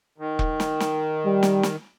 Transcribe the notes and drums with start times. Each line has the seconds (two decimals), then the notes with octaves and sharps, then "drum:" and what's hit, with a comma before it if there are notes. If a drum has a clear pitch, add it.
0.18 D#3
0.39 drum: kick E1
0.60 drum: snare
0.80 drum: snare
1.25 G3
1.43 drum: snare
1.63 drum: snare